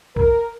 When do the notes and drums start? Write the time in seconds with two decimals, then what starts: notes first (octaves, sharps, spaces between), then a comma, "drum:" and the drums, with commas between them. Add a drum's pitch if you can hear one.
0.16 A#4, drum: kick